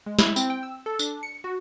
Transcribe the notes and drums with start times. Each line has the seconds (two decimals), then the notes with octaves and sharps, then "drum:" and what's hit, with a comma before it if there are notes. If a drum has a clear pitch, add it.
0.06 G#3
0.19 E4, drum: snare
0.36 C4, drum: tambourine
0.50 G5
0.63 E6
0.86 A4
0.99 D4, drum: tambourine
1.23 C#7
1.44 F#4